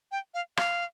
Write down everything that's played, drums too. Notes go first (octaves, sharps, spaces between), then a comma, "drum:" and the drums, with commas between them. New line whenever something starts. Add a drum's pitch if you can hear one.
G5
F5
F5, drum: rim click